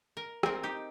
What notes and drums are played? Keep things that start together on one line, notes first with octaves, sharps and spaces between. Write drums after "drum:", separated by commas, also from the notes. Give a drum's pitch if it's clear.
A#4
C4 A#4, drum: rim click
D#4 G4